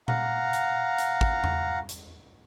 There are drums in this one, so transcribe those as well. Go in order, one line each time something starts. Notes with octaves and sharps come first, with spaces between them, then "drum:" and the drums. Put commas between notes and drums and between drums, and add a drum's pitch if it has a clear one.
F5 F#5 A#5, drum: tom A#2
drum: hi-hat
drum: hi-hat
drum: kick
drum: tom E2
drum: hi-hat